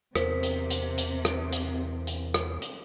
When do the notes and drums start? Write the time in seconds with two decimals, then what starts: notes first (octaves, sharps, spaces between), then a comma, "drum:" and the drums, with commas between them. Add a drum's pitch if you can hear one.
0.15 E2 C3 A#4 C5 B6, drum: rim click
0.43 drum: hi-hat
0.70 drum: hi-hat
0.98 drum: hi-hat
1.25 drum: rim click
1.52 drum: hi-hat
2.07 drum: hi-hat
2.34 drum: rim click
2.62 drum: hi-hat